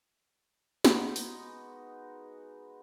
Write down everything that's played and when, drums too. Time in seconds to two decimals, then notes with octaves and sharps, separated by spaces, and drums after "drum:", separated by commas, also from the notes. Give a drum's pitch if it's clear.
0.85 G#3 B3 D#4 F#4, drum: snare
1.16 drum: open hi-hat